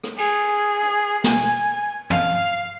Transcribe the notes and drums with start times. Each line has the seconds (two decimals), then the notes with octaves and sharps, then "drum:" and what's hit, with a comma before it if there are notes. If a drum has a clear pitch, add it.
0.04 drum: rim click
0.18 G#4, drum: cymbal
0.83 drum: hi-hat
1.24 G#5, drum: snare
1.42 drum: hi-hat
2.10 F5, drum: tom